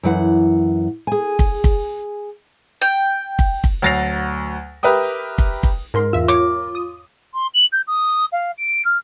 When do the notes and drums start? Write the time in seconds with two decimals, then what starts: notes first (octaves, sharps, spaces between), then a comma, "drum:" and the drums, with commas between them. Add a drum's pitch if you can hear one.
0.03 F#2 E3 F#5
1.07 G#4 G#5
1.39 drum: kick
1.64 drum: kick
2.82 G5
3.39 drum: kick
3.64 drum: kick
3.82 D2 F#3 A6 A#6 C7 F7
4.83 G4 A#4 B4 E5 G5 D#6
5.38 drum: kick
5.63 drum: kick
5.94 G#2 A#4 C6
6.13 E2 F4 E5 E6
6.28 C#5 D6
6.75 D#6
7.34 C6
7.54 F#7
7.72 G6
7.87 D#6
8.32 F5
8.58 D7
8.85 F6